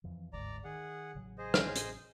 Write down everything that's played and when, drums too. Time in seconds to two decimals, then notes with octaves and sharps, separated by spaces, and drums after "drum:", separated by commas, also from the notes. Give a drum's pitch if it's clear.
0.04 F2 E3 F3
0.33 G1 D2 G#2 D5 A#5
0.64 D#3 G#4 F#5
1.15 A1 C#3 F#3
1.38 G#4 C5 D#5
1.54 drum: rim click
1.76 drum: hi-hat